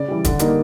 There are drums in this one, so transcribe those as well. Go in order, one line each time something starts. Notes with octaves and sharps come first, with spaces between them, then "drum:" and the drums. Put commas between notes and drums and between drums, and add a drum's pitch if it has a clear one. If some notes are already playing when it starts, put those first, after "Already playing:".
Already playing: C#3 D5
E3 G3
D3, drum: kick, hi-hat
G3 A#3 D#4, drum: hi-hat